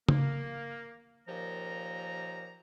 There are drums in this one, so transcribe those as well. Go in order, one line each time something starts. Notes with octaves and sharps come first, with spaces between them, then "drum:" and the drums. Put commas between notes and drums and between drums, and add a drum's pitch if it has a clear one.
A#3, drum: tom C#3
D#2 A#2 F3 A#5